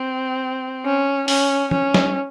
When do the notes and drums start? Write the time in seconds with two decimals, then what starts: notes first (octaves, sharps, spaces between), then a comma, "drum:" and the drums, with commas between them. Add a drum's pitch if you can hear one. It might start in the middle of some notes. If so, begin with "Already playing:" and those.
Already playing: C4
0.85 C#4
1.28 C#4, drum: open hi-hat
1.71 C#4, drum: tom
1.94 drum: snare